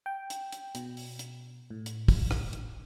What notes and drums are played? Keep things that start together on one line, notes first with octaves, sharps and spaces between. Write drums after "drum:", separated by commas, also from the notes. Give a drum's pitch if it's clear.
G5
drum: hi-hat
drum: hi-hat
B2, drum: hi-hat
drum: open hi-hat
drum: hi-hat
A2
drum: hi-hat
drum: kick, open hi-hat
drum: rim click
drum: hi-hat